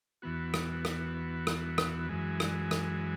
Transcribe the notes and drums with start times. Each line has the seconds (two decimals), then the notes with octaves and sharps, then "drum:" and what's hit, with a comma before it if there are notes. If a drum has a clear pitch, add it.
0.22 E2 E3 B3 F#4
0.54 drum: rim click
0.85 drum: rim click
1.47 drum: rim click
1.78 drum: rim click
2.09 F#2 E3 G#3
2.40 drum: rim click
2.71 drum: rim click